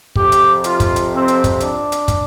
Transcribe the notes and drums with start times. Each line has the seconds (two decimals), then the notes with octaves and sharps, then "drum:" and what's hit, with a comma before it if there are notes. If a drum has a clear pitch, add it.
0.16 F2 C3 G4, drum: kick
0.32 drum: hi-hat
0.64 F4, drum: hi-hat
0.80 drum: kick, hi-hat
0.96 drum: hi-hat
1.12 C4
1.28 drum: hi-hat
1.44 drum: kick, hi-hat
1.60 D4, drum: hi-hat
1.92 drum: hi-hat
2.08 drum: kick, hi-hat